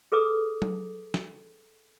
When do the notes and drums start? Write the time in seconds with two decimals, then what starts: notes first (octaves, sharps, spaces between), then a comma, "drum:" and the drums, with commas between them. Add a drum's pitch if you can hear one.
0.12 G#4 A4 B4 D6 D#6
0.62 drum: tom F#3
1.14 drum: snare